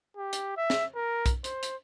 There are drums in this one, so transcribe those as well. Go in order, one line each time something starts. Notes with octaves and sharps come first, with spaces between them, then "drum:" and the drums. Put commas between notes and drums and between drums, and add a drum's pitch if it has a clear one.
G4
drum: hi-hat
E5
drum: snare
A#4
drum: kick, hi-hat
C5, drum: hi-hat
drum: hi-hat